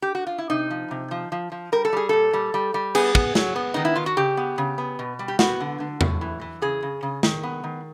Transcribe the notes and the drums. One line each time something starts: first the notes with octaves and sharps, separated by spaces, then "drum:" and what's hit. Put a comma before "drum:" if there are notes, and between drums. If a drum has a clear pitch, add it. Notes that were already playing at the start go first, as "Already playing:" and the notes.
G4
F#4
F4
E4
C3 D#4
F3
C3
F3
F3
F3
G3 A#4
A4
G3 G#4
A#2 A4
G3
G3
G3
B3 G#4, drum: cymbal
B3, drum: kick
F#3, drum: snare
B3
D#3 D#4
E4
D#3 F4
F#4
C#3 G4
B3
C#3
B3
B2
G3
G4
B3 F#4, drum: snare
D3
D3
A2, drum: tom E2
E3
E3
C#3 G#4
C#3
C#3
D#3, drum: snare
B3
D#3